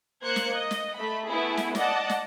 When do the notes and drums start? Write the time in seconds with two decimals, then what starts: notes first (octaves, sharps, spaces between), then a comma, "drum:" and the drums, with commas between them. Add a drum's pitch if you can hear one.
0.24 A#3 C5 F#6 G#6 C#7
0.36 drum: snare
0.54 D#5
0.71 drum: snare
0.97 A3 B5
1.29 A3 B3 E4 G#4
1.57 drum: snare
1.75 D5 D#5 F#5 A5, drum: snare
2.09 drum: snare